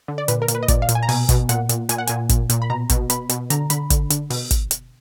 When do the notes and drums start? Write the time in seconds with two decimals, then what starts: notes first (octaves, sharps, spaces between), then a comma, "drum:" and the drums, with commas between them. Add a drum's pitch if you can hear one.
0.08 D3
0.18 D5
0.28 A#2 B4, drum: hi-hat
0.42 A#4
0.48 A#2, drum: hi-hat
0.55 B4
0.63 D#5
0.68 A#2 D5, drum: kick, hi-hat
0.82 F5
0.89 A#2, drum: hi-hat
0.95 G#5
1.03 A#5
1.09 B2 G#5, drum: open hi-hat
1.29 B2, drum: kick, hi-hat
1.49 A#2 F#5, drum: hi-hat
1.69 A#2, drum: hi-hat
1.89 A#2 G#5, drum: hi-hat
1.98 F#5
2.07 A#2 G#5, drum: hi-hat
2.29 A#2, drum: kick, hi-hat
2.50 A#2, drum: hi-hat
2.62 B5
2.70 B2 A#5
2.90 B2, drum: kick, hi-hat
3.10 B2 B5, drum: hi-hat
3.29 B2, drum: hi-hat
3.50 D3 A#5, drum: hi-hat
3.70 D3 B5, drum: hi-hat
3.90 D3, drum: kick, hi-hat
4.10 D3, drum: hi-hat
4.30 B2, drum: open hi-hat
4.51 drum: kick, hi-hat
4.71 drum: hi-hat